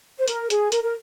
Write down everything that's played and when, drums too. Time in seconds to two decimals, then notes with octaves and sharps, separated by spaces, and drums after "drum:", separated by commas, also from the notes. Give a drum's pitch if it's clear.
0.18 C5
0.28 A#4, drum: hi-hat
0.50 G#4, drum: hi-hat
0.72 A#4, drum: hi-hat
0.83 A#4